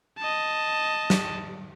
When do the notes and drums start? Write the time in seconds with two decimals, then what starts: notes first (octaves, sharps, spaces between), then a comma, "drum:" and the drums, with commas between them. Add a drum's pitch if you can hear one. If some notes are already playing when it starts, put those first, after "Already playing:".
0.18 D#5 A5
1.10 drum: snare